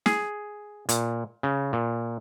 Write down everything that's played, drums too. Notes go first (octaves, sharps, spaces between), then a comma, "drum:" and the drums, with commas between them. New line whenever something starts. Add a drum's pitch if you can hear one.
G#4, drum: snare
A#2, drum: hi-hat
C#3
A#2